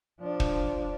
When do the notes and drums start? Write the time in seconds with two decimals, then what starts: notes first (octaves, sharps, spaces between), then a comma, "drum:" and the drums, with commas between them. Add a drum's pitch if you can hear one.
0.21 F3 D4
0.40 drum: kick